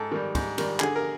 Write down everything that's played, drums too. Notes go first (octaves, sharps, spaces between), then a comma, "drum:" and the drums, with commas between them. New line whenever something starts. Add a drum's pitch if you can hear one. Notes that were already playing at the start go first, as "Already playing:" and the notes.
Already playing: G#2 A4
D#3 G3
G#2, drum: kick, cymbal
D#3 G3, drum: cymbal
D3 G#4, drum: clap
A#4